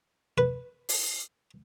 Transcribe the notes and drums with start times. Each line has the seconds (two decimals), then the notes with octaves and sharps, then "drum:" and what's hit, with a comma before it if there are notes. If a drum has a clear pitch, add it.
0.38 B4
0.89 drum: open hi-hat